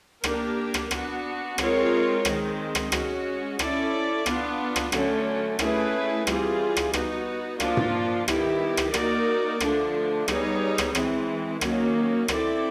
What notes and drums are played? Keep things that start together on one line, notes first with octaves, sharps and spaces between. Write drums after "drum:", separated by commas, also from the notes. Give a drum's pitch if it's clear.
A#3 D4 G4 A#4, drum: rim click
drum: rim click
B3 D4 F#4, drum: rim click
G#3 C4 F4 A#4 C#5, drum: rim click
D#3 G#3 C4, drum: rim click
drum: rim click
G#3 C#4 F#4, drum: rim click
C#4 E4 A4 D5, drum: rim click
B3 D4 F4, drum: rim click
drum: rim click
D3 F#3 A3 C#4, drum: rim click
A3 C#4 E4 G#4 B4, drum: rim click
E3 G3 C4 F4 G#4, drum: rim click
drum: rim click
B3 D#4 F#4, drum: rim click
F3 A#3 D4 F4, drum: rim click
drum: tom G#2
D#3 G3 B3 E4 G4, drum: rim click
drum: rim click
A#3 D#4 F#4 A#4 D5, drum: rim click
D3 F3 A3 D4, drum: rim click
G3 B3 D#4 G#4 C#5, drum: rim click
drum: rim click
E3 G#3 C4, drum: rim click
D#3 F#3 A#3 C#4, drum: rim click
C4 E4 A4 D5, drum: rim click